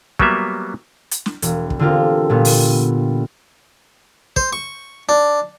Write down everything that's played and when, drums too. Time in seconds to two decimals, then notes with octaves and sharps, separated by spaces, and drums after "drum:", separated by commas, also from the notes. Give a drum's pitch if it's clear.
0.19 F#3 G3 A#3 B3 E5, drum: kick
1.11 drum: hi-hat
1.26 drum: snare
1.42 E1, drum: hi-hat
1.70 drum: kick
1.79 D3 C4 F4 G4 A#4
2.30 A#2 G3 B3
2.45 drum: open hi-hat
4.36 C5, drum: kick
4.53 C#6
5.09 D4